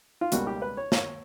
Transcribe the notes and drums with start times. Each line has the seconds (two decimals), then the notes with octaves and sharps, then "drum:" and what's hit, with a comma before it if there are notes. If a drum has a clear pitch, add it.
0.21 F4
0.32 C#2 B2 G3 A#3 F#4, drum: hi-hat
0.47 G4
0.62 B4
0.77 C#5
0.92 C#5, drum: snare